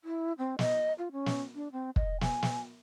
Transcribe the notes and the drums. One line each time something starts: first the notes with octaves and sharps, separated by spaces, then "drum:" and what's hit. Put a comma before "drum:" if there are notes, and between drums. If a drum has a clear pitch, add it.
E4
C4
D#5, drum: snare
F4
C#4
drum: snare
D4
C4
D#5, drum: kick
G#5, drum: snare
drum: snare